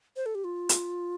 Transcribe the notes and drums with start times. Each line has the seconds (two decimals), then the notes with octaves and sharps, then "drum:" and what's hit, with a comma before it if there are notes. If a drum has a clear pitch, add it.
0.16 C5
0.26 A4
0.35 G4
0.44 F4
0.69 drum: hi-hat